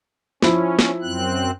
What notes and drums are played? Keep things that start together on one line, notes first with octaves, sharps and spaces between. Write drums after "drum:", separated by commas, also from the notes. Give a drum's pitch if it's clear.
F3 C#4 E4, drum: snare
drum: snare
F#2 C4 F#6